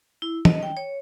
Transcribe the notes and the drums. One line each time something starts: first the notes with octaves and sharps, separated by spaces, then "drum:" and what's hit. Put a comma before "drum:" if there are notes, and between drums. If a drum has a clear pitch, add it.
E4
D#5, drum: tom
G5
C#5